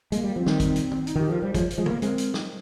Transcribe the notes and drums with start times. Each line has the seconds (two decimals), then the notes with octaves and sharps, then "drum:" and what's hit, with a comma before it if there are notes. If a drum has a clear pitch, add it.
0.12 G#3 A#3, drum: hi-hat
0.24 G3
0.36 F3 C4
0.46 D#3 G3, drum: snare
0.60 drum: kick, hi-hat
0.76 drum: hi-hat
0.91 drum: tom
1.07 D#4, drum: hi-hat
1.16 D#3 G4
1.29 F3 A#4
1.42 G3 C5
1.54 F3 G#3 C#5, drum: kick, hi-hat
1.71 C5, drum: hi-hat
1.78 F3 G#3 G#4
1.86 A#3 A#4, drum: tom
2.02 G#3 C4 A#4, drum: hi-hat
2.18 drum: hi-hat
2.34 drum: snare